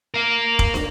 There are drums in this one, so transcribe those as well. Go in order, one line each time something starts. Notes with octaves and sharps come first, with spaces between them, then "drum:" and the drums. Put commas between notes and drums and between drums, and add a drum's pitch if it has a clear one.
A#4 F5
drum: kick F1
drum: snare